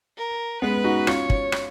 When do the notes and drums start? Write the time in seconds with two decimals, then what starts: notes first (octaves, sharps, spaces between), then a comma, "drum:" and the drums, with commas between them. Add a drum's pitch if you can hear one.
0.17 A#4
0.62 G#3 B3 B4
0.84 D#4 F#4
1.07 C#4 F4 C#5, drum: rim click
1.30 drum: kick
1.52 drum: rim click